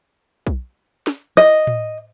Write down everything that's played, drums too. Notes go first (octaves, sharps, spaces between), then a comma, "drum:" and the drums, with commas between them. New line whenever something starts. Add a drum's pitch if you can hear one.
drum: kick B1
drum: snare
D#5
drum: tom A2